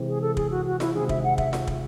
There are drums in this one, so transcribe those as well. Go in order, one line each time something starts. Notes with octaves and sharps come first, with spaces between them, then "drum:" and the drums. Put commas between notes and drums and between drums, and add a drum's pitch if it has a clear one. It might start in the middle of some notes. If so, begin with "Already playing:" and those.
Already playing: C3 E3 G#3 C4
G#4
A4
G#4, drum: kick
F#4
F#4
E4, drum: snare F4
C3 D#3 G#3 C4 F#4 G#4
E5, drum: kick
F#5
E5, drum: kick
drum: snare F4
drum: kick